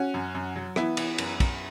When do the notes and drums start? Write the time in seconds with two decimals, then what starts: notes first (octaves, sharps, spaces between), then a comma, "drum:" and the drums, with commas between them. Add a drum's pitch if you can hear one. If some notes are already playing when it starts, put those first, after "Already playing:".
Already playing: C#4 F#4
0.14 F#2
0.35 F#2
0.56 F#3
0.76 E3 B3 E4, drum: rim click
0.97 E3, drum: cymbal
1.18 F#2, drum: cymbal
1.40 F#2, drum: kick, cymbal